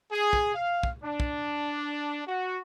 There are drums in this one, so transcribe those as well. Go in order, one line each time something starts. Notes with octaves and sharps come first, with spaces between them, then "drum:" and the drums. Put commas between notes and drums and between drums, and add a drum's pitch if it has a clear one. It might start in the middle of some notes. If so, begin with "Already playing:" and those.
G#4
drum: kick
F5
drum: kick
D4
drum: kick
F#4